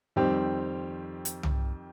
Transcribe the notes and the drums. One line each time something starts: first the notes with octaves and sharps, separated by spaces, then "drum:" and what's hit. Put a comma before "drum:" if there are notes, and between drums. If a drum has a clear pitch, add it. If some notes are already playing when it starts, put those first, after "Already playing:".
F2 D#3 G3 C4 G4
drum: hi-hat
drum: tom C2